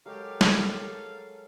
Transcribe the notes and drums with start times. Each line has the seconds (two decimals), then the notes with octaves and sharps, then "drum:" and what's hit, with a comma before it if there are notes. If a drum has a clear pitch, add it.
0.06 F#3 G#3 G4 A4 A#4 F5
0.41 drum: snare